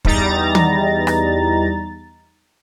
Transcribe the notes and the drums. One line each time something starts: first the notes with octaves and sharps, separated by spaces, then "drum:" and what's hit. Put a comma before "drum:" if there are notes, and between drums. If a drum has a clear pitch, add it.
E2 G3 D#4 A#5 A6, drum: kick
drum: tom
drum: rim click